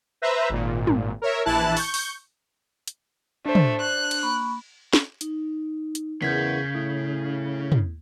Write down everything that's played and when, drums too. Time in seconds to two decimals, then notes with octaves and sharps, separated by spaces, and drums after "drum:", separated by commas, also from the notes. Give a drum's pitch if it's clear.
0.22 B4 C5 E5 A#5
0.50 G#1 A#2
0.87 drum: tom
1.22 A#4 C#5 E5
1.45 A#1 E3 E4 A5 F#6
1.77 C#6 G6, drum: open hi-hat
1.94 drum: open hi-hat
2.88 drum: hi-hat
3.46 A3 D4 C5
3.55 drum: tom
3.81 F#6
4.11 drum: cymbal
4.23 A#3 B5 C#6
4.93 drum: snare
5.21 D#4, drum: hi-hat
5.95 drum: hi-hat
6.22 E2 C#3 G#4 A#4 F#5 G6 G#6 B6
6.75 A2 D#6
7.72 drum: tom